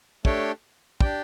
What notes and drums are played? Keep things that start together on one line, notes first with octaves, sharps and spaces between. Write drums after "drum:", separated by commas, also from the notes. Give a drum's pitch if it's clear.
A3 D4 G4 C#5 G5, drum: kick
D4 G4 D5 G5, drum: kick